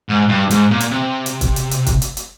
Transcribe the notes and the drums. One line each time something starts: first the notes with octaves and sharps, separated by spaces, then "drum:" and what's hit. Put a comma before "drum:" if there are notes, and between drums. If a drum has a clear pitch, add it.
G#2
G2
G#2, drum: hi-hat
A#2
drum: hi-hat
C3
drum: hi-hat
drum: kick, hi-hat
drum: hi-hat
drum: hi-hat
drum: kick, hi-hat
drum: hi-hat
drum: hi-hat